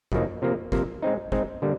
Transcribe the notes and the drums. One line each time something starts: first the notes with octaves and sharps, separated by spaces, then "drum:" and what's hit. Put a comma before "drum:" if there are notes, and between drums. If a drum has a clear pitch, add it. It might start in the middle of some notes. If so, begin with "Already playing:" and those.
F#2 C#3 F3 A#3 D#4, drum: kick
C3 F3 A#3
C3 F3 A#3, drum: kick
G#3 C4 D#4
G#3 C4 D#4, drum: kick
D3 G3 A#3